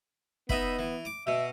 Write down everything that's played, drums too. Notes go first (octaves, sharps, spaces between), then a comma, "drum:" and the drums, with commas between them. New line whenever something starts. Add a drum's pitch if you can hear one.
B3 D#4 E5 B5, drum: kick
E3
D6
B2 E5